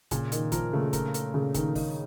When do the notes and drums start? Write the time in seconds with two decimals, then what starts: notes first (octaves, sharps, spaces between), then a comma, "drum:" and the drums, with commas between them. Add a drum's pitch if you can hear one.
0.11 A#2 C#3, drum: kick, hi-hat
0.32 D#3 D#4, drum: hi-hat
0.52 F3 A#4, drum: kick, hi-hat
0.73 C#3 A3
0.93 A#4, drum: kick, hi-hat
1.14 A#4, drum: hi-hat
1.34 A#2 C#3
1.54 D#3 A#4, drum: kick, hi-hat
1.75 D#4, drum: kick, open hi-hat